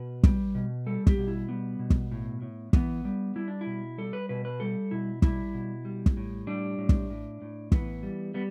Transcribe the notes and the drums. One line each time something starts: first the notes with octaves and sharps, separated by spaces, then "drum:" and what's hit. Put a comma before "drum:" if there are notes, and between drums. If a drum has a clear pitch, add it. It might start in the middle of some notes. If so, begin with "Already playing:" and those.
Already playing: B2 B4
G3, drum: kick
B2
G3 A4
G4, drum: kick
B2
E4
G3 B3
B2
drum: kick
A2
A2
E3 B3, drum: kick
G3
G3 E4
D4
E4
B2
G3 A4
B4
B2 B4
B4
G3 A4
B2 E4
G3 E4, drum: kick
B2
G3
drum: kick
A2
G3 D4
A2
drum: kick
A2
A2
E3 B3, drum: kick
G3
G3 B3